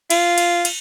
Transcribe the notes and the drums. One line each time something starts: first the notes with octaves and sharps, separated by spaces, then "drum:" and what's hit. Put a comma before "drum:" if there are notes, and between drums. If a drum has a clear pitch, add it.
F4, drum: cymbal
drum: cymbal
drum: cymbal